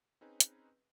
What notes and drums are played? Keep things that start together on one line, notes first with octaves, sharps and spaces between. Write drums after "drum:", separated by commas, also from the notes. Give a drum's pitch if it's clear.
C4 C#4 D#4 G#4 B4
drum: hi-hat